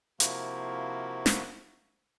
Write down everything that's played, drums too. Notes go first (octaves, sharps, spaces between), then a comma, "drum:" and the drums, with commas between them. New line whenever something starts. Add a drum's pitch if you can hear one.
C3 F3 A#3 E4 F#4, drum: hi-hat
drum: snare